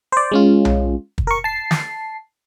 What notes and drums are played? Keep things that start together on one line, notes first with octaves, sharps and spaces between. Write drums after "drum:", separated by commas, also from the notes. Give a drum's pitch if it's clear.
C5 D5
G#3 C#4 F4
drum: tom B1
drum: kick
A#4 C#6
A5 C7
drum: snare